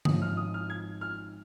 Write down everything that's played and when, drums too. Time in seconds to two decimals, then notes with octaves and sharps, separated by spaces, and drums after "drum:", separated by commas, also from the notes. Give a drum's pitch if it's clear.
0.05 G#1 G#2 F3 C#4 D#6, drum: tom D3
0.22 F6
0.37 D#6
0.54 F6
0.70 G#6
1.01 F6